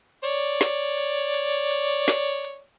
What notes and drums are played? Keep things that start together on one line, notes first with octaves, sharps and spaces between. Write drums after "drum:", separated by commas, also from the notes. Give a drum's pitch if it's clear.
C#5 D5, drum: hi-hat
drum: snare
drum: hi-hat
drum: hi-hat
drum: hi-hat
drum: snare
drum: hi-hat